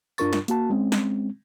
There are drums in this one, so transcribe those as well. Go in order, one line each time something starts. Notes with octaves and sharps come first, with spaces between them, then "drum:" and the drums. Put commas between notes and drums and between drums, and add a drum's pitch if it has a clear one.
G2 D4 F4 A#4 C#6 A6, drum: tambourine
drum: snare
A#3 F#4 A5, drum: hi-hat
G#3 C4 C#4
drum: snare